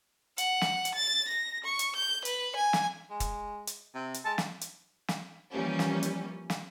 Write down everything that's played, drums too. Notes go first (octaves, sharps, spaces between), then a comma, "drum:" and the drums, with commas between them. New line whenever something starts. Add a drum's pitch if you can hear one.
F#5, drum: hi-hat
drum: snare
drum: hi-hat
A6
A#6
C#6
drum: hi-hat
G6
B4, drum: hi-hat
G#5
drum: snare
G#3
drum: kick, hi-hat
drum: hi-hat
C3
drum: hi-hat
G#3 A5
drum: snare
drum: hi-hat
drum: snare
E3 F3 G3 A#3 C#4
drum: snare
drum: hi-hat
drum: snare